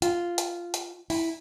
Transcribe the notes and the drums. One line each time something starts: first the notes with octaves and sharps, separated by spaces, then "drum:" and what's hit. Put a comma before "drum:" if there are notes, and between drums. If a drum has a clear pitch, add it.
F4, drum: hi-hat
drum: hi-hat
drum: hi-hat
E4, drum: open hi-hat